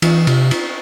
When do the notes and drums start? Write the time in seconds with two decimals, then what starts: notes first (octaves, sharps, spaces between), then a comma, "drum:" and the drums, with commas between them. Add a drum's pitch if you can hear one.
0.02 E3, drum: cymbal
0.27 C3, drum: cymbal
0.51 drum: cymbal